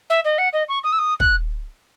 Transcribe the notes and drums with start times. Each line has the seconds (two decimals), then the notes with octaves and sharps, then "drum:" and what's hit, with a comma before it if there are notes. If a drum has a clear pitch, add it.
0.10 E5
0.25 D#5
0.38 F#5
0.53 D#5
0.69 C#6
0.84 D#6
0.92 E6
0.99 D#6
1.20 F#6, drum: kick